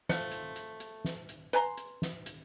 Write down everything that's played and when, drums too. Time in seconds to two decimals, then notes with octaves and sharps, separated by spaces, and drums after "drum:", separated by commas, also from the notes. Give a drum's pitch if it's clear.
0.09 F3 A3 F#5, drum: snare
0.32 drum: hi-hat
0.56 drum: hi-hat
0.80 drum: hi-hat
1.05 drum: snare
1.29 drum: hi-hat
1.53 B4 G#5 A#5 C6, drum: hi-hat
1.78 drum: hi-hat
2.02 drum: snare
2.26 drum: hi-hat